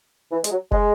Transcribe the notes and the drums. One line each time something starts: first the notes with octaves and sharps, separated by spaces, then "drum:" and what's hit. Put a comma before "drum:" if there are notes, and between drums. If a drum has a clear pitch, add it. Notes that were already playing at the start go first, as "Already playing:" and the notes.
E3
G#3, drum: hi-hat
F#3
G#3, drum: kick F1